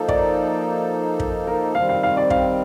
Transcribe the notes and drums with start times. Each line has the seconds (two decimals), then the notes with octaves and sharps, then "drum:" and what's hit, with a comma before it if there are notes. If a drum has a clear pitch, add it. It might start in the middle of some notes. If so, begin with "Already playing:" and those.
Already playing: F3 A#3 D#4 A4
0.08 D5, drum: kick
1.20 drum: kick
1.47 A#4
1.75 D#3 G3 C4 F5
1.89 F5
2.03 F5
2.17 D5
2.30 F5, drum: kick